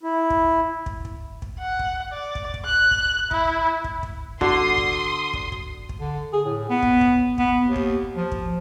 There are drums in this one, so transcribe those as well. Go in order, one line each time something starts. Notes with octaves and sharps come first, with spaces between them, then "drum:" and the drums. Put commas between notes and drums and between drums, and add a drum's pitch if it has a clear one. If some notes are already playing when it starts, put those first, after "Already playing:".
E4
drum: kick
drum: kick
drum: kick
drum: kick
F#5
drum: kick
D5
drum: kick
drum: kick
F#6
drum: kick
E4, drum: kick
drum: kick
drum: kick
D3 F#4 C6 D#6, drum: kick
drum: kick
drum: kick
drum: kick
drum: kick
D3
G#4
A2
B3
drum: kick
drum: kick
B3, drum: kick
D#2
drum: kick
F3
drum: kick